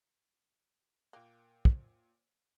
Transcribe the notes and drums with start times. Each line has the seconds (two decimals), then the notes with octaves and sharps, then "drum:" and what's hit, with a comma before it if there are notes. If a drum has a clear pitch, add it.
1.13 A#2 A#3 G5 F#6
1.65 drum: kick